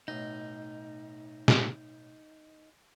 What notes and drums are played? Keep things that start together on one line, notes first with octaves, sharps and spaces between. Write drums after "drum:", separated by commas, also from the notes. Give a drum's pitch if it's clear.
B1 A2 D#4
drum: snare